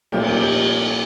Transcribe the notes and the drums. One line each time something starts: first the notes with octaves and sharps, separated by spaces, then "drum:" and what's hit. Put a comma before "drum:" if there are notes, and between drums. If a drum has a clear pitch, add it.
C2 A#2 F3 A#3 C#4 G4, drum: cymbal
G4
G4